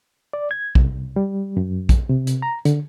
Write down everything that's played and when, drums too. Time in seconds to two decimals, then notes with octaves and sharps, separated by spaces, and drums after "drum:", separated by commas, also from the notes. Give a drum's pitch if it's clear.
0.33 D5
0.51 G#6
0.75 C2, drum: kick A#1
1.16 G3
1.57 F#2
1.89 drum: kick A#1, hi-hat
2.09 C3
2.27 drum: hi-hat
2.42 A#5
2.65 D3, drum: hi-hat